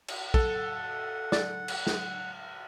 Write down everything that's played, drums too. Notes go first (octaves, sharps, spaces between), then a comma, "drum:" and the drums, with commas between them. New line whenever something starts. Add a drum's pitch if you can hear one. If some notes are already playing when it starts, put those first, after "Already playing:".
drum: cymbal
A4 F#5, drum: kick
D5 A6, drum: snare
drum: cymbal
drum: snare